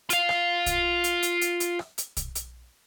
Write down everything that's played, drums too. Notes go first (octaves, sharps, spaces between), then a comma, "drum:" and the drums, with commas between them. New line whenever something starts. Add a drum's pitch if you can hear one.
F4 F5, drum: hi-hat
drum: rim click
drum: kick, hi-hat
drum: hi-hat
drum: hi-hat
drum: hi-hat
drum: hi-hat
drum: rim click
drum: hi-hat
drum: kick, hi-hat
drum: hi-hat